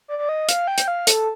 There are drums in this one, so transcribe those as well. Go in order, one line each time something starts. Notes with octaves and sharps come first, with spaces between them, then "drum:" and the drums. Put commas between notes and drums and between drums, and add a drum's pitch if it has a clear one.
D5
D5
D#5
F5, drum: hi-hat
G5
drum: hi-hat
F5
A4, drum: hi-hat